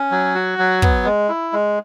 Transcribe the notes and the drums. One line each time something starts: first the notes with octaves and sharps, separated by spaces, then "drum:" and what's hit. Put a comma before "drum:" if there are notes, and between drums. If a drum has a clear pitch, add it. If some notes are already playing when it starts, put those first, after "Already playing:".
Already playing: C#4
F#3
F#4
F#3
B3, drum: kick
G#3
E4
G#3